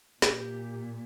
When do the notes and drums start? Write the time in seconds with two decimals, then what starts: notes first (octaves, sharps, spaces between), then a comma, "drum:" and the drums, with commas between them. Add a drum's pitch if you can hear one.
0.22 A#2 G4, drum: snare